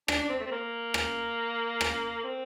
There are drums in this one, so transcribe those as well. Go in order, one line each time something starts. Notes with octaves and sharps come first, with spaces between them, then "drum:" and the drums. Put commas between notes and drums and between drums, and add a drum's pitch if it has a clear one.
D4, drum: rim click
D4
C4
A3
C4
A#3
drum: rim click
drum: rim click
C4